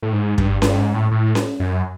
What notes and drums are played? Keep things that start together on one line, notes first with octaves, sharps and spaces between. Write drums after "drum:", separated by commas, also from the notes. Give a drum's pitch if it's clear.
A2
G#2
G2, drum: kick
G2, drum: snare C#4
G#2
A2
A2
drum: snare C#4
F#2